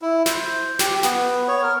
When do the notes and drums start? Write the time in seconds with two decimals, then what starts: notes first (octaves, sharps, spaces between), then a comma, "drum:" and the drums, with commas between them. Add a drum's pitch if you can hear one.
0.02 E4
0.26 C5, drum: snare
0.79 G4, drum: snare
1.03 B3, drum: snare
1.48 C#5
1.63 A#4